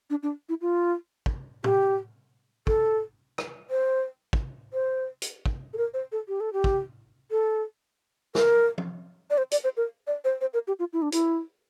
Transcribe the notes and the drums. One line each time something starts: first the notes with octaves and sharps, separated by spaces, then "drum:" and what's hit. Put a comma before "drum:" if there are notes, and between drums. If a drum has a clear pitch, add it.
D4
D4
E4
F4
drum: kick
G4, drum: tom
A4, drum: kick
drum: rim click
C5
drum: kick
C5
drum: hi-hat
drum: kick
A4
A#4
C5
A4
G4
A4
G4
drum: kick
A4
A#4, drum: snare
drum: tom F3
D5
C5
D5, drum: hi-hat
C5
A#4
D5
C5
C5
A#4
G4
F4
E4
D4
E4, drum: hi-hat